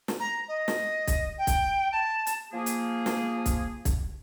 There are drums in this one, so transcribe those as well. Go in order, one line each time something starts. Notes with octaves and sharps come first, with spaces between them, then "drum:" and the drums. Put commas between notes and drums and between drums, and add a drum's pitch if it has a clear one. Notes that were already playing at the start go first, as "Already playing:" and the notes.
drum: snare
A#5
D#5
drum: snare
drum: kick, hi-hat
G5
drum: kick, hi-hat
A5
drum: hi-hat
F3 A#3 G#4
drum: hi-hat
drum: snare
drum: kick, hi-hat
drum: kick, hi-hat